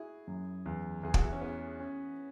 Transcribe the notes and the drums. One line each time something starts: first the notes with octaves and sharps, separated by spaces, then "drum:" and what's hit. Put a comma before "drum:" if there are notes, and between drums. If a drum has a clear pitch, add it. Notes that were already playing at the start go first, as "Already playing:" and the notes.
Already playing: E4 F#4 G#4
F#2
E2
E2 G#4
F#4, drum: kick
E4
C#4
E3 B3
C#4